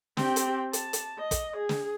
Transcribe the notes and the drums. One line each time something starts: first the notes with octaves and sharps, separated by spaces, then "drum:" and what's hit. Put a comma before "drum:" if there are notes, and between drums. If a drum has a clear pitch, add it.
C4 G4, drum: snare
drum: hi-hat
A5, drum: hi-hat
drum: hi-hat
D#5
drum: kick, hi-hat
G#4
drum: snare